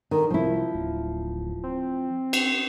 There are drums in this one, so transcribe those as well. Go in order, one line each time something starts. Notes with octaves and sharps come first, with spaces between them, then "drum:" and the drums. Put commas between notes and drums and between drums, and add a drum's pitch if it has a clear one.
D3 D#3
C2 F3 E4
D1
C4
drum: cymbal